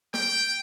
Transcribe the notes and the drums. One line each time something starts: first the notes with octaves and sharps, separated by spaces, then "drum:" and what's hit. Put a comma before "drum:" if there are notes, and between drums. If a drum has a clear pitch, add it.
G5, drum: snare